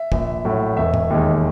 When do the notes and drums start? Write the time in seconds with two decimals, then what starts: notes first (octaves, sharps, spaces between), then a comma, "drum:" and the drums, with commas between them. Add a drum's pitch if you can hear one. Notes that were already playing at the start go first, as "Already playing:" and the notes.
Already playing: E5
0.12 A#1, drum: kick
0.45 A2 F#3
0.77 E1 E5
0.94 drum: tom G#2
1.10 D#2 D#3 G#3